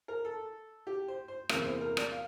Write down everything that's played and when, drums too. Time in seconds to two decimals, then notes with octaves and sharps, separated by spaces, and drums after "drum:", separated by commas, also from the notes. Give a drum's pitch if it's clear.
0.08 A#4
0.25 A4
0.87 G4
1.08 C5
1.28 C5
1.49 E2 C3 E3 A#3 E5, drum: rim click
1.65 C5
1.81 A#4
1.97 D5, drum: rim click
2.12 F5